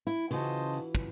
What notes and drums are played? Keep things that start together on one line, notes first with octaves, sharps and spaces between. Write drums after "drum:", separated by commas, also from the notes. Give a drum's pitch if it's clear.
E4
C#3 E3 F4 F#4 C5 D#5 A5, drum: hi-hat
drum: hi-hat
drum: kick